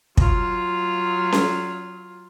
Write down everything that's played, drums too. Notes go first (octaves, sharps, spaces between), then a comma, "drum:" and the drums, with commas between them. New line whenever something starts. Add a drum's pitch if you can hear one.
F#3 F4, drum: kick
drum: snare C#4